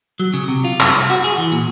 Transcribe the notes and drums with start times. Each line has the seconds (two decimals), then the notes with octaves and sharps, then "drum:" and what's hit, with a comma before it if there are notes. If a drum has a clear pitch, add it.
0.20 F#3
0.34 C#3
0.48 C3
0.65 F4
0.80 F#2, drum: clap
0.93 C2
1.10 F#4
1.24 G#4
1.38 E3
1.52 A#2